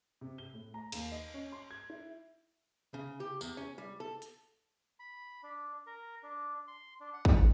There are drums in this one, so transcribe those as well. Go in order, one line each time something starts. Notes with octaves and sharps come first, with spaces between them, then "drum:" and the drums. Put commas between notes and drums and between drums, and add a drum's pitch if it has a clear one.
C3
G7
A2
A#5
D#2, drum: cymbal
D#5
C#4
C6
G#6
E4
C#3
G4
E2, drum: tambourine
C#4
G3
A4
drum: hi-hat
B5
D4
A#4
D4
C6
D4
F#5
drum: kick